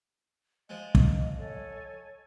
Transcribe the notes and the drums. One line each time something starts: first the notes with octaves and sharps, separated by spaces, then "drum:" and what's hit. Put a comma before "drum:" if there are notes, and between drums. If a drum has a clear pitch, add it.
F3 G#3 D#5
drum: kick
A4 C#5 G#5